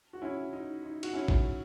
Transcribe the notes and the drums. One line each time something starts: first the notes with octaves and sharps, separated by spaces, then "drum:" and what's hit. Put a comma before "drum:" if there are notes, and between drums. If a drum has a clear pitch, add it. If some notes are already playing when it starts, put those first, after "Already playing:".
F#4
C#4 E4
D#4
D#4
F#4, drum: cymbal
C#4 E4
drum: kick G#1